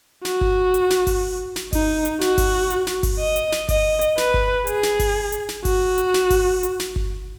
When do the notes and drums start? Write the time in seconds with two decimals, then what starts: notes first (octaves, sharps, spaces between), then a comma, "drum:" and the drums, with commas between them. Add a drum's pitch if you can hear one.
0.25 F#4, drum: snare
0.41 drum: kick G1
0.74 drum: hi-hat
0.90 drum: snare
1.07 drum: kick G1, open hi-hat
1.56 drum: snare
1.73 D#4, drum: kick G1, open hi-hat
2.05 drum: hi-hat
2.21 F#4, drum: snare
2.38 drum: kick G1, open hi-hat
2.70 drum: hi-hat
2.87 drum: snare
3.03 drum: kick G1, open hi-hat
3.19 D#5
3.36 drum: hi-hat
3.52 drum: snare
3.69 D#5, drum: kick G1, open hi-hat
4.01 drum: hi-hat
4.18 B4, drum: snare
4.34 drum: kick G1
4.67 G#4, drum: hi-hat
4.83 drum: snare
4.99 drum: kick G1, open hi-hat
5.32 drum: hi-hat
5.49 drum: snare
5.65 F#4, drum: kick G1, open hi-hat
5.98 drum: hi-hat
6.14 drum: snare
6.30 drum: kick G1, open hi-hat
6.63 drum: hi-hat
6.80 drum: snare
6.96 drum: kick G1